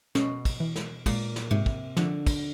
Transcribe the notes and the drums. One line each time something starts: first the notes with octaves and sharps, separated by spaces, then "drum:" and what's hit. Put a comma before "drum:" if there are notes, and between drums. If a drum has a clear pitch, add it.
B2 C#4, drum: snare
drum: kick, cymbal
E3
drum: snare
A#2 G#3, drum: kick, cymbal
drum: snare
G#2 C3
drum: kick
D3 F3, drum: snare
drum: kick, cymbal